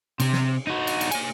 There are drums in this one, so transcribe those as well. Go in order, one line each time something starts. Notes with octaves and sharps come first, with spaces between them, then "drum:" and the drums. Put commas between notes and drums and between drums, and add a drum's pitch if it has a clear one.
C3 C4, drum: cymbal
drum: snare
D#4 F#4
drum: cymbal
drum: cymbal
A#3 G#5, drum: cymbal